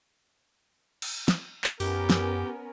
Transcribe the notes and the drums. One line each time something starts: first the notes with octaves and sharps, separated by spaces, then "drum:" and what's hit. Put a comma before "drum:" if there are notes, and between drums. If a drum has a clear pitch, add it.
drum: cymbal
drum: snare
drum: clap
F#2 B3 C#4 G4 A#4, drum: open hi-hat
drum: snare